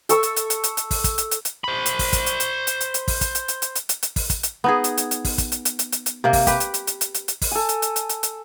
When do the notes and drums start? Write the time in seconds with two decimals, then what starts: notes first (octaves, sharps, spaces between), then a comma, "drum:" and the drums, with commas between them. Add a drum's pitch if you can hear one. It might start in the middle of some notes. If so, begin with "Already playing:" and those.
0.09 A4 C#6 E6, drum: hi-hat
0.23 drum: hi-hat
0.36 drum: hi-hat
0.50 drum: hi-hat
0.64 drum: hi-hat
0.77 drum: hi-hat
0.91 drum: kick, open hi-hat
1.04 drum: kick, hi-hat
1.18 drum: hi-hat
1.31 drum: hi-hat
1.45 drum: hi-hat
1.64 C5 B5
1.86 drum: hi-hat
1.99 drum: kick, open hi-hat
2.13 drum: kick, hi-hat
2.26 drum: hi-hat
2.40 drum: hi-hat
2.67 drum: hi-hat
2.80 drum: hi-hat
2.94 drum: hi-hat
3.08 drum: kick, open hi-hat
3.21 drum: kick, hi-hat
3.35 drum: hi-hat
3.48 drum: hi-hat
3.62 drum: hi-hat
3.75 drum: hi-hat
3.89 drum: hi-hat
4.03 drum: hi-hat
4.16 drum: kick, open hi-hat
4.30 drum: kick, hi-hat
4.43 drum: hi-hat
4.64 B3 D#4 G#4
4.84 drum: hi-hat
4.97 drum: hi-hat
5.11 drum: hi-hat
5.25 drum: kick, open hi-hat
5.38 drum: kick, hi-hat
5.52 drum: hi-hat
5.65 drum: hi-hat
5.79 drum: hi-hat
5.92 drum: hi-hat
6.06 drum: hi-hat
6.24 C3 A#3
6.33 drum: kick, open hi-hat
6.47 G4 B4, drum: kick, hi-hat
6.60 drum: hi-hat
6.74 drum: hi-hat
6.87 drum: hi-hat
7.01 drum: hi-hat
7.14 drum: hi-hat
7.28 drum: hi-hat
7.42 drum: kick, open hi-hat
7.51 A4 G#5
7.69 drum: hi-hat
7.82 drum: hi-hat
7.96 drum: hi-hat
8.09 drum: hi-hat
8.23 drum: hi-hat